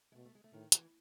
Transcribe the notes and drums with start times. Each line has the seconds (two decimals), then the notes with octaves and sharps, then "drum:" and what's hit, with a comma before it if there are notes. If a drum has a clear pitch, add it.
0.12 G#3
0.15 B2 A3
0.25 A3
0.35 G#3
0.44 A3
0.53 A2 D#3
0.72 E3, drum: hi-hat